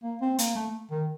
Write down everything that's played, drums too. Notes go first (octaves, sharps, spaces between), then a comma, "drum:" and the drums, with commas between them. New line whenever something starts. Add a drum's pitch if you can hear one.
A#3
C4
A#3, drum: hi-hat
A3
D#3